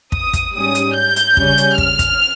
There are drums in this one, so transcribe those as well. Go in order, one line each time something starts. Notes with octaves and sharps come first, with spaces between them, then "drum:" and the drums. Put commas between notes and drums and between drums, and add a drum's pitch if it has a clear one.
D#6, drum: kick
drum: kick, hi-hat
G#2 G3 C#4 D#6
drum: hi-hat
G6
drum: hi-hat
C#3 G3 C#4, drum: kick
drum: hi-hat
F6, drum: kick
drum: kick, hi-hat